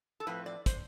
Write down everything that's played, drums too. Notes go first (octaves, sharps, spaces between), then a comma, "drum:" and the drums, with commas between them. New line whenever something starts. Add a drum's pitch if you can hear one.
A4
A2 F3 C4 B4
D5
C5, drum: kick, hi-hat